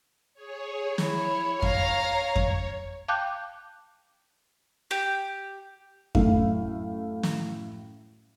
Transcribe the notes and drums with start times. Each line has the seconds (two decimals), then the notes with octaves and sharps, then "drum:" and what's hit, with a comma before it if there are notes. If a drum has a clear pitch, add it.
0.34 G#4 C#5
0.98 E4 C#5, drum: snare
1.62 F5 A#5, drum: kick F2
2.36 drum: kick F2
3.08 F5 G5 A5 D6 F#6 G6
4.91 G4
6.15 F#2 A2 A3 F5, drum: kick F2
7.23 drum: snare